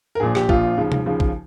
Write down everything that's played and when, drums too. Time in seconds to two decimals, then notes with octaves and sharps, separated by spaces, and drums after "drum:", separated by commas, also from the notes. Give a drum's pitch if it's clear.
0.15 A#4
0.20 A#1 A#2 F3 G#4
0.35 G4, drum: rim click
0.49 A#1 A#2 F3 F4, drum: kick
0.77 D#2 C#3 F3
0.92 drum: tom C3
1.06 D#2 C#3 F3
1.20 drum: kick